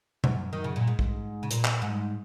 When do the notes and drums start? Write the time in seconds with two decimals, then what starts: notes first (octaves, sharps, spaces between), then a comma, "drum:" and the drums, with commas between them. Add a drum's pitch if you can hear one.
0.24 F#2, drum: tom B2
0.53 D#3
0.64 C#3
0.76 A#2
0.87 G#2
0.99 drum: kick
1.43 C#3
1.51 A#2, drum: hi-hat
1.65 drum: clap
1.82 G#2